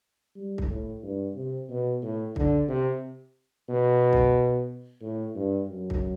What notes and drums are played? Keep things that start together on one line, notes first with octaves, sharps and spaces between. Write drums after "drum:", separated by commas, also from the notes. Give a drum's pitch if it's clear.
G3
drum: kick
A2
G2
C3
B2
A2
D3, drum: kick
C3
B2
drum: kick
A2
G2
F#2
drum: kick